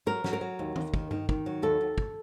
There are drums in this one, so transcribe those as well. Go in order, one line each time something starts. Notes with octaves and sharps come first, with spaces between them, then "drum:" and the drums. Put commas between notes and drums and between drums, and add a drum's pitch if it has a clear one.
F#3 A#4
F#3, drum: snare
A#4
F#3
D#2
D#2, drum: tom D#3
D#3, drum: kick
D#3, drum: tom G2
D#3, drum: kick
F#3
D#2 A4
D#2
drum: kick